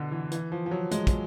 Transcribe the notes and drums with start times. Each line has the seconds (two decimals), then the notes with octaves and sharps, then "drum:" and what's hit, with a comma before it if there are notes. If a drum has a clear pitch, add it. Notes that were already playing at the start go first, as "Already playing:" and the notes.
Already playing: B2 D3
0.12 E3
0.32 E3, drum: hi-hat
0.52 F3
0.66 F3
0.71 F#3
0.91 G#3, drum: hi-hat
1.07 drum: kick, hi-hat